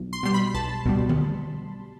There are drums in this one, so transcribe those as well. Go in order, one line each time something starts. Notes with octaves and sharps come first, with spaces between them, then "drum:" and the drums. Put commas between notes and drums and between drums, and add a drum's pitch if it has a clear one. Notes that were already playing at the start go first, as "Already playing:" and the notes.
Already playing: B1
C6
B2 G3 C6
B5
B1 A5
B2 G3, drum: kick
drum: tom D3